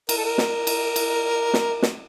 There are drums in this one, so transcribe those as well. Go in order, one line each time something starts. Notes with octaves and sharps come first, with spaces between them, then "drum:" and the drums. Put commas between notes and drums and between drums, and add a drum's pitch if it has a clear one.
A#4, drum: cymbal
A4
A#4
drum: snare
drum: cymbal
drum: cymbal
drum: snare
drum: snare